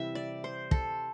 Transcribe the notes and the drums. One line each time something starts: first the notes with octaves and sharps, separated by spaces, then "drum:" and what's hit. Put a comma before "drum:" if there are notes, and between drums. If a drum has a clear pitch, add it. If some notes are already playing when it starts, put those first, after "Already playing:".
Already playing: C3 E3 G3 E5
D5
C5
A4, drum: kick